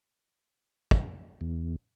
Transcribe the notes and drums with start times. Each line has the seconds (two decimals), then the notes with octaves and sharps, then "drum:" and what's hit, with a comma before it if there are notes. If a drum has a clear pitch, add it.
0.91 drum: kick
1.41 E2